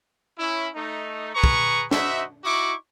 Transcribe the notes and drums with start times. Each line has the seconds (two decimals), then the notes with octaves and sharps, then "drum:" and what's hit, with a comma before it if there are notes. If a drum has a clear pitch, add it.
0.39 C#4 E4
0.76 A3 D#4
1.34 G#4 B4 A#5 C#6
1.44 drum: kick
1.91 D#4 F#4 C5 E5, drum: snare
2.44 D#4 E4 F#4 C#6 D6